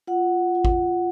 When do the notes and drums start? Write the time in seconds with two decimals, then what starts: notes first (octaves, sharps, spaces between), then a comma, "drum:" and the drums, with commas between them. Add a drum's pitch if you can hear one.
0.07 F4 F#5
0.55 F4
0.65 drum: kick G#1